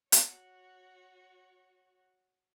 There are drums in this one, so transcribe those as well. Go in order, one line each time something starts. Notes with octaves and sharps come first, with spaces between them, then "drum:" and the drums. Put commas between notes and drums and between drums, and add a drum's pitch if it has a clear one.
F#4 C#5, drum: hi-hat